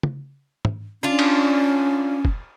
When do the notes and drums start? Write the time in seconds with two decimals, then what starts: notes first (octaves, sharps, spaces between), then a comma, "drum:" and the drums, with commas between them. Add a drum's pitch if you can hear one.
0.03 drum: tom
0.65 drum: tom
1.03 C#4 D4 F4
1.19 drum: cymbal
2.25 drum: kick